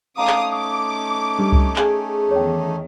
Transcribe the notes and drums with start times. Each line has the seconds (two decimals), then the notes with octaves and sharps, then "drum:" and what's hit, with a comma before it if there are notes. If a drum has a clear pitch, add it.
0.18 A3 C#4 D#4 F5 A#5 D6 D#6
0.27 drum: clap
0.52 D6 D#6
1.39 G2
1.52 drum: kick C2
1.76 G#4 D6, drum: clap
2.31 E2 D#3 C#5 G5